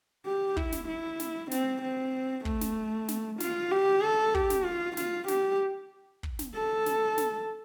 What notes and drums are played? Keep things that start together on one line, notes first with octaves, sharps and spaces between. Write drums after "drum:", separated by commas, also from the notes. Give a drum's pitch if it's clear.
G4
E4, drum: kick
drum: snare
E4
drum: snare
C4, drum: snare
C4
A3, drum: kick
drum: snare
drum: snare
F4, drum: snare
G4
A4
G4, drum: kick
drum: snare
F4
F4, drum: snare
G4, drum: snare
drum: kick
drum: snare
A4
drum: snare
drum: snare